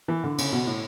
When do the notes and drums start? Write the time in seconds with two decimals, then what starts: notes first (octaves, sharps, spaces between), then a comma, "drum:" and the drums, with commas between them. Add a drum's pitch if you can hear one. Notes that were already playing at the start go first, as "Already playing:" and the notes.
0.08 E3
0.24 D3
0.38 C#3, drum: cymbal
0.52 B2
0.67 A2